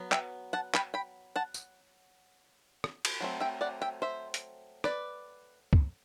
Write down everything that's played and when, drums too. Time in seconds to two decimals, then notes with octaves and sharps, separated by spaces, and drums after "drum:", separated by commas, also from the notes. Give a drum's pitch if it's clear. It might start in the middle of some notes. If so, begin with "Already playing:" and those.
Already playing: F#3 B3
0.12 E5 G5, drum: clap
0.53 F#5 A5
0.74 G5 B5, drum: clap
0.94 G5 B5
1.36 F#5 A5
1.54 drum: tambourine
2.84 drum: rim click
3.05 drum: cymbal
3.21 F#3 A3 C4
3.40 E5 G5
3.61 D5 F#5
3.82 E5 G5
4.02 C5 E5
4.34 drum: hi-hat
4.84 B4 D5, drum: rim click
5.73 drum: kick C#2